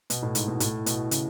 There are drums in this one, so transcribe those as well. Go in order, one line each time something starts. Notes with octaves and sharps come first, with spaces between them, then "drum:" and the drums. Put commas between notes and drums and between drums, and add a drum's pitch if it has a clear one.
B2, drum: hi-hat
A2
G#2, drum: hi-hat
B2
A2, drum: hi-hat
B2, drum: hi-hat
C#3, drum: hi-hat